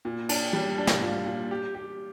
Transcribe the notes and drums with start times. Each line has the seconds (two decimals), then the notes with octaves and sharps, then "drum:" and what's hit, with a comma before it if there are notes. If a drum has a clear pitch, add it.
0.05 A#2
0.29 D4, drum: cymbal
0.53 G3
0.78 D4
0.87 drum: snare
1.03 F4
1.26 A#2
1.51 G4
1.75 G4